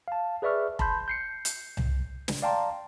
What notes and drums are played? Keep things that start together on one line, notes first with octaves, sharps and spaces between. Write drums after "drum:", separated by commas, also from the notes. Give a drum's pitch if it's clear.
F5 A5
G#4 B4 D5 E5 C#6 F6
A5 B5 C6 G6, drum: kick F1
G6 C7 C#7
drum: hi-hat
drum: tom C2
drum: snare
D5 F5 G5 A5 A#5 C6